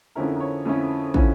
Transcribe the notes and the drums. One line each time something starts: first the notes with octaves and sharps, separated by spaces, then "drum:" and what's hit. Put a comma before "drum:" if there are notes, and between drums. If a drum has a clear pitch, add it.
F2 D3 F3 C#4 E4 A#4
A#4
C#5
F2 D3 F3 C#4 E4
D3 F3 C#4 E4, drum: kick